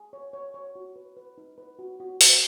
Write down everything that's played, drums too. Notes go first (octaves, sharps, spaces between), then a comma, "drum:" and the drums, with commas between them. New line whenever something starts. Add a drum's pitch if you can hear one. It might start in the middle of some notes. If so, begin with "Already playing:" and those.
Already playing: G#4
C#5
C#5
C#5
F#4
B4
B4
D#4
B4
F#4
F#4
F#4, drum: open hi-hat